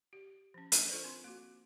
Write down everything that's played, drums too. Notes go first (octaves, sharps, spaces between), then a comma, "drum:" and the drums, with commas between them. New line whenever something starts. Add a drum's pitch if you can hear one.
G4
F3 C#4
D4 A#4, drum: hi-hat
F4 A4 C5 D5
C4 C6
A#3 F#4